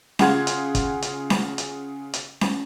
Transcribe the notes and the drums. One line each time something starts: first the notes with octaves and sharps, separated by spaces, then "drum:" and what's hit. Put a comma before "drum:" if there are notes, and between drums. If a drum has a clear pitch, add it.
C#3 F4 G#4 F#5 C6 G#6, drum: snare C#4
drum: hi-hat
drum: kick, hi-hat
drum: hi-hat
drum: snare C#4
drum: hi-hat
drum: hi-hat
drum: snare C#4